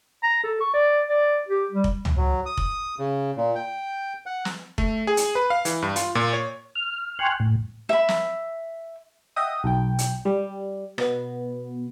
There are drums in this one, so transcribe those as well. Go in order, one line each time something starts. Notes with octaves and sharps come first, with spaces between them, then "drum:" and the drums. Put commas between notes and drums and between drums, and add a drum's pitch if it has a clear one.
A#5
A4
C#6
D5
D5
G4
G3
drum: kick F1
drum: tom C#2
F#3
D#6
drum: kick F1
C#3
A#2
G5
F#5
drum: snare
A3, drum: kick F1
G#4
drum: hi-hat
B4
F5
E3, drum: hi-hat
G2
F4, drum: hi-hat
A#2
C#5
F6
G5 G#5 C6 C#6 F6 F#6
A2
E5 B5
drum: snare
D#5 E5 F#5 G5 D#6
B1 G5
drum: hi-hat
G3
B2 B3, drum: rim click